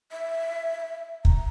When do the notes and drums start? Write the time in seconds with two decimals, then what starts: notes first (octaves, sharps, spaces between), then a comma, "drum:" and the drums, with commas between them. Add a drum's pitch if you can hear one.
0.12 E5
1.25 A#5, drum: kick